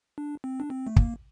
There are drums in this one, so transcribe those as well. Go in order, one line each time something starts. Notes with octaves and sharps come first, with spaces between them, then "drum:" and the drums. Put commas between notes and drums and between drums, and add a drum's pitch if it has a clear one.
D4
C4
D4
C4
A3
A#3, drum: kick